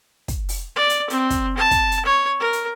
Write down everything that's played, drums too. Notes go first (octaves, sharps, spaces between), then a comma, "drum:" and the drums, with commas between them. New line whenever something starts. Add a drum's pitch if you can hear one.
drum: kick, hi-hat
drum: open hi-hat
D5
drum: hi-hat
C4, drum: hi-hat
drum: kick, hi-hat
A5
drum: kick, hi-hat
drum: hi-hat
C#5
A#4
drum: hi-hat